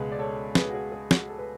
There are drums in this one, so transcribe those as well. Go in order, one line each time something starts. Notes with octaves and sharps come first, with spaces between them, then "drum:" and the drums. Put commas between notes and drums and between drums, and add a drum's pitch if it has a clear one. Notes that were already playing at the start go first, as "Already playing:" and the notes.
Already playing: C#2 B2 G#3 G#4 B4
D5
A4 C#5
G#4 B4, drum: snare
F#4
G#4
G#4
F#4, drum: snare
A4
B4